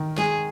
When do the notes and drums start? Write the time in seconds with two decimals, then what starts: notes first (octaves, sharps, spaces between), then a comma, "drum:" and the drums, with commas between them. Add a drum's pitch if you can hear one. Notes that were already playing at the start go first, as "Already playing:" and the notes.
Already playing: D#3
0.18 G#3 G#4, drum: snare